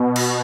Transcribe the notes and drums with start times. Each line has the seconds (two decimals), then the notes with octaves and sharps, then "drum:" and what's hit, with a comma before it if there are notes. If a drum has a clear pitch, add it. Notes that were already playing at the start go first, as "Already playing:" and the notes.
Already playing: B2
0.16 drum: cymbal